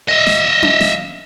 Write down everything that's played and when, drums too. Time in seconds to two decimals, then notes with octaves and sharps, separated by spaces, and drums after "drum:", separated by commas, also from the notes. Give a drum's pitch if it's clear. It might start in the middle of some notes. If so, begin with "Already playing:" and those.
0.09 D#5 E5
0.27 drum: snare
0.63 drum: tom C#4
0.81 drum: snare